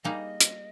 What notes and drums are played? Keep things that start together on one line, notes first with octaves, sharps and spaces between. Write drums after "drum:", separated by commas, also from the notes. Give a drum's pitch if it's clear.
G3 A#3 D#4 G#4 D#5
drum: hi-hat